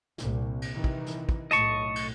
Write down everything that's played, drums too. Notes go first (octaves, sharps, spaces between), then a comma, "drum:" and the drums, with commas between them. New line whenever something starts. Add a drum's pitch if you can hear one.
C2 A#2, drum: snare
drum: cymbal
C3 D#3 E3
drum: kick
drum: snare
drum: kick
B1 A2 D#5 A5 C#6, drum: snare
drum: cymbal